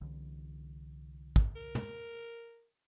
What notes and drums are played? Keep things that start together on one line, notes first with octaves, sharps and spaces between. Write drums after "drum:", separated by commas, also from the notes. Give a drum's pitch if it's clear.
C2 D3 E3
drum: kick
A#4
drum: tom